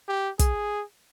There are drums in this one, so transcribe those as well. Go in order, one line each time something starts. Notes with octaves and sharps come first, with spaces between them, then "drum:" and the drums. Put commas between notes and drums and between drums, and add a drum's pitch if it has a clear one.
G4
G#4, drum: kick, hi-hat